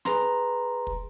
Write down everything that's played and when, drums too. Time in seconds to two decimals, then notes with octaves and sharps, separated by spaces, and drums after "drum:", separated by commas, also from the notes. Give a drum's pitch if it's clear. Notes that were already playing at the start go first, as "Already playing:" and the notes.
0.05 G#4 B4 A#5 C6, drum: snare
0.87 drum: kick